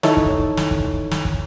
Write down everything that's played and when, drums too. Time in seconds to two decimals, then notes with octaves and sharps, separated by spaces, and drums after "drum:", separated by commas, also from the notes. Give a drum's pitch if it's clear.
0.03 D#4 E4 A4 C#5, drum: snare
0.17 drum: kick
0.30 drum: kick
0.57 drum: snare
0.71 drum: kick
0.84 drum: kick
1.11 drum: snare
1.25 drum: kick